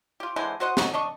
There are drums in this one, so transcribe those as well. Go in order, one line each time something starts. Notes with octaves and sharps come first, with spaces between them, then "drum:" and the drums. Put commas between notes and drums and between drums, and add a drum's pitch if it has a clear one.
F4 G4
D3 E3 G#3 C5
F#4 C5 D#5 F#5
C#4 D#4 E4 F#4, drum: snare
D4 D#5 C#6